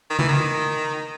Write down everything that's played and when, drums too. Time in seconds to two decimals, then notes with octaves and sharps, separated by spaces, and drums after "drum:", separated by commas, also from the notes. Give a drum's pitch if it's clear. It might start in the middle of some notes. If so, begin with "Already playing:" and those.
0.10 D#3
0.19 E3, drum: tom C#3
0.28 D#3